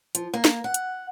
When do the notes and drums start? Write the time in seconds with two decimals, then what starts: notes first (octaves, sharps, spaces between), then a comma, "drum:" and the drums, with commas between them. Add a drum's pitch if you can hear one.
0.15 F3, drum: hi-hat
0.34 A#3
0.45 drum: snare
0.64 F#5
0.74 drum: hi-hat